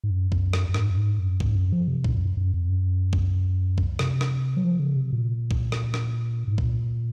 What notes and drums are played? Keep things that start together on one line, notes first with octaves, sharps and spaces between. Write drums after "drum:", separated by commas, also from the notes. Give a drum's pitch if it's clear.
G#2
F#2
drum: kick
drum: rim click
F#2
G#2, drum: rim click
F#2
G#2
F#2
G#2, drum: kick
F#2
F3
C3
A#2, drum: kick
F2
F#2
F#2
F2
F#2
drum: kick
drum: kick
C3, drum: rim click
drum: rim click
F#3
F3
C#3
C3
A#2
drum: kick
drum: rim click
drum: rim click
G#2
A#2, drum: kick